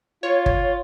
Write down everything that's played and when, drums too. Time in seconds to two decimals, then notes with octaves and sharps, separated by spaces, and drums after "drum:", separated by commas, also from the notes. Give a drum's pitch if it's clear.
0.23 F4 C#5
0.46 drum: kick G1